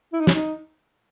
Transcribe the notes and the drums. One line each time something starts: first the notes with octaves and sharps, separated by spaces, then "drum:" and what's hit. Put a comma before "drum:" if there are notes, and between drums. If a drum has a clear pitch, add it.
E4
D#4
C#4, drum: snare
D#4